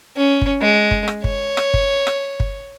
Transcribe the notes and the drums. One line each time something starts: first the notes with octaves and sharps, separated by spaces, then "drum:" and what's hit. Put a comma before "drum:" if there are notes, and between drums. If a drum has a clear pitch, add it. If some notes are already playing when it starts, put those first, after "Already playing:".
C#4
drum: kick
G#3
drum: kick
drum: rim click
C#5, drum: kick
drum: rim click
drum: kick
drum: rim click
drum: kick